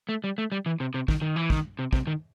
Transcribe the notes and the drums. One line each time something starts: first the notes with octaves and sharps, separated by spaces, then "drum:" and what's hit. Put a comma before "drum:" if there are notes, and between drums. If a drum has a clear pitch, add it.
A3
G3
A3
G3
E3
C3
C3
D#3, drum: kick
D#3
E3
D#3, drum: kick
C3
C3, drum: kick
D#3